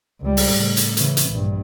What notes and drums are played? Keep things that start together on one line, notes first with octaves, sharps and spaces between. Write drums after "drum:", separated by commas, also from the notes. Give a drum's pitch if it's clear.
C#2 G3
drum: open hi-hat
A2 C#3
drum: hi-hat
C#3 E3, drum: hi-hat
drum: hi-hat
A#1 G2